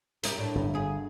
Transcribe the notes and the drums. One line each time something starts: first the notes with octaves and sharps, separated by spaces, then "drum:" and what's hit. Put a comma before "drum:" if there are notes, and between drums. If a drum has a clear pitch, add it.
A#3 D#4 G4, drum: hi-hat
A2 D4
G1
D2 G#4